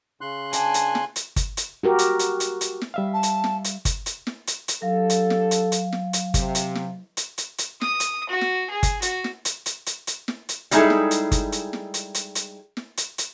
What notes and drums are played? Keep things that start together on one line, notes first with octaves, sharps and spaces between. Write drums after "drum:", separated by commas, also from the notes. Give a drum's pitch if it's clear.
C#3 C6 F#6
D4 G5 G#5, drum: hi-hat
drum: hi-hat
drum: snare
drum: hi-hat
drum: kick G1, hi-hat
drum: hi-hat
F#4 G4 A#4
drum: hi-hat
drum: hi-hat
drum: hi-hat
drum: hi-hat
drum: snare
G3 E5 F5
A5
drum: hi-hat
drum: snare
drum: hi-hat
drum: kick G1, hi-hat
drum: hi-hat
drum: snare
drum: hi-hat
drum: hi-hat
F#3 D4 G4 A4 F5
drum: hi-hat
drum: snare
drum: hi-hat
drum: hi-hat
drum: snare
drum: hi-hat
C3, drum: kick G1, hi-hat
drum: hi-hat
drum: snare
drum: hi-hat
drum: hi-hat
drum: hi-hat
D#6, drum: snare
drum: hi-hat
F#4
drum: snare
G#4
drum: kick G1, hi-hat
F#4, drum: hi-hat
drum: snare
drum: hi-hat
drum: hi-hat
drum: hi-hat
drum: hi-hat
drum: snare
drum: hi-hat
G3 G#3 D#4 E4 G#4 A4, drum: hi-hat
drum: snare
drum: hi-hat
drum: kick G1, hi-hat
drum: hi-hat
drum: snare
drum: hi-hat
drum: hi-hat
drum: hi-hat
drum: snare
drum: hi-hat
drum: hi-hat